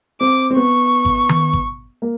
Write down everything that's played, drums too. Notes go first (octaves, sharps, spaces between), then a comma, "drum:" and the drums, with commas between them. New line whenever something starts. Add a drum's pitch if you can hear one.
C4 D6
C4
B3 C#6
drum: kick G#1
drum: tom D#3
drum: kick G#1
A#3